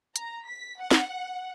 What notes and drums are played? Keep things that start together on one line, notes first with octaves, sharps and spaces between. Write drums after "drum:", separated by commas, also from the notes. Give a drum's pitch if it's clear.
A#5, drum: hi-hat
B6
F#5
drum: snare